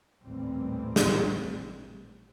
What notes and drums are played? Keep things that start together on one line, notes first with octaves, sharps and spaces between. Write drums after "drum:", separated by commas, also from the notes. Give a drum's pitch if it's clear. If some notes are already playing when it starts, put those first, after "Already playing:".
A1 D#2 A#2 E3 G3 C4
drum: snare